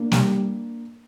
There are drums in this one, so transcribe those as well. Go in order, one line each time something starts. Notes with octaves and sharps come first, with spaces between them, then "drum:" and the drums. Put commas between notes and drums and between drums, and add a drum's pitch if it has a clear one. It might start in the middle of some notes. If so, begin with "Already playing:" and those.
Already playing: A#3 D4
G3, drum: snare